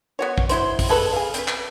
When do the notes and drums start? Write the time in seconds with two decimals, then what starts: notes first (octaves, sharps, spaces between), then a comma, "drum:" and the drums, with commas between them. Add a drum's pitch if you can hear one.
0.19 B3 F#4 C#5
0.38 drum: kick
0.49 F#3 E4 C5, drum: hi-hat
0.79 drum: kick, open hi-hat
0.89 G#3 B3 A4 B4
1.13 G#4 F5
1.34 C4 B4, drum: hi-hat
1.48 drum: clap